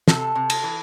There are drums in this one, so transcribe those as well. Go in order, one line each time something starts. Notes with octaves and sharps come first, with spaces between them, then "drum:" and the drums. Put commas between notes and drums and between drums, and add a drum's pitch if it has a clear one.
C3 A4, drum: snare
C3
drum: cymbal
E3